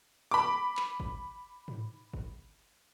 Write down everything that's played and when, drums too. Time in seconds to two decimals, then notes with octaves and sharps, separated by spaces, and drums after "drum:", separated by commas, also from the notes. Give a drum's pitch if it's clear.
0.31 B5 D6
0.77 drum: clap
1.00 drum: kick G1
1.68 drum: tom G#2
2.14 drum: kick G1